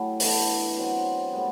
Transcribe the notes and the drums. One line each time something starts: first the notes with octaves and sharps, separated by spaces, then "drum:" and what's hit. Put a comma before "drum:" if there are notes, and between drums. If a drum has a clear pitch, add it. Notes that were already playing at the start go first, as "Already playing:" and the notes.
Already playing: F#3 A3 E4 G4
E3 B3 D4, drum: open hi-hat
B2 F#3 C4
A2 G3 B3